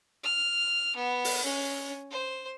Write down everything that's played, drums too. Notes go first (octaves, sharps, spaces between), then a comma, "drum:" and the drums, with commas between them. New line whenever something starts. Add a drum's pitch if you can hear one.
F6
B3
drum: open hi-hat
C#4
C5